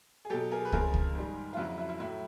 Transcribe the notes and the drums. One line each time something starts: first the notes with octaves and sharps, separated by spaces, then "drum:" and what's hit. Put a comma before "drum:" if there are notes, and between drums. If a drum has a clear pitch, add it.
G#4
B2 F#3 G4 A4
G#4 A#4
B4
F2 C#3 F3 G#4 A#4, drum: kick
drum: kick
G#2 D#3 G3
F4
F2 C#3 F#3 E4 F#4
E4
E4
A2 F#3 E4